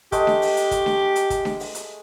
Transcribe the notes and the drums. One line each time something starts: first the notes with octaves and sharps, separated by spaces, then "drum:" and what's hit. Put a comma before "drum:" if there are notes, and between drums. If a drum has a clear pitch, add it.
G#3 A3 G4, drum: kick, hi-hat
drum: snare D4
drum: open hi-hat
drum: hi-hat
drum: kick, hi-hat
drum: snare D4
drum: hi-hat
drum: kick, hi-hat
drum: snare D4
drum: open hi-hat
drum: hi-hat